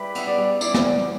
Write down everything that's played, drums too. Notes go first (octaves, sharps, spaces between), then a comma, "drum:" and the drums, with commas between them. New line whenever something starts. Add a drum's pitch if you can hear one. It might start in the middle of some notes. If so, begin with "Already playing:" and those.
Already playing: G3 E4 G4 B4
B3 E5, drum: cymbal
D5
G3
E4 D5, drum: tambourine
drum: snare